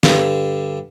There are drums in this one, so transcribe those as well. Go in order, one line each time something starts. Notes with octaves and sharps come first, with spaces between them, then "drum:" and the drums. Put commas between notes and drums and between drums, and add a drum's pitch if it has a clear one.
G2 D3, drum: snare